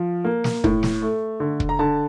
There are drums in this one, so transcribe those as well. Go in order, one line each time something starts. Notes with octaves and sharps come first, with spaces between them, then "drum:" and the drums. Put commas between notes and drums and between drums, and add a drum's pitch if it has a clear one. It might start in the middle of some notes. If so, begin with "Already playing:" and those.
Already playing: F3
A#3
drum: snare
A2, drum: kick
drum: snare
A3
D3
drum: kick
A#5
D3 A5